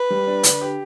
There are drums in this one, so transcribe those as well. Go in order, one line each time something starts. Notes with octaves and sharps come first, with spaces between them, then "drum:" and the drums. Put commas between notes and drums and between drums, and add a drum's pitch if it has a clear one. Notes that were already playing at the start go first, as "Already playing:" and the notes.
Already playing: B4
G3
D4
D3, drum: hi-hat
G4